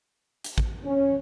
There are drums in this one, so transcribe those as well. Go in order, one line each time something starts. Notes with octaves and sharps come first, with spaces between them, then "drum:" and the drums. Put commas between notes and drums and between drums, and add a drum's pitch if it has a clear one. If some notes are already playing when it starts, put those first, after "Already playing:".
drum: hi-hat
drum: kick
C#4